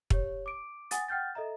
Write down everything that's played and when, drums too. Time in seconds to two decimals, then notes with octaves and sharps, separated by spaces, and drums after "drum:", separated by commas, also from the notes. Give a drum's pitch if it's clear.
0.10 G4 C#5, drum: kick
0.46 D6 D7
0.91 F#5 G#5 D#6 A6, drum: hi-hat
1.08 F#5 G5 F6 G6 A6
1.35 A4 D#5 E5 A#5